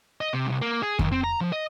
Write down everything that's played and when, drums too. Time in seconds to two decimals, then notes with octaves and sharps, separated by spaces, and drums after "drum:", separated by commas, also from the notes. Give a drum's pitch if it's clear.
0.21 D#5
0.33 C3
0.47 C2
0.62 A#3
0.83 G#4
0.99 D#2, drum: kick F2
1.12 C4
1.24 A#5
1.41 F3
1.52 D#5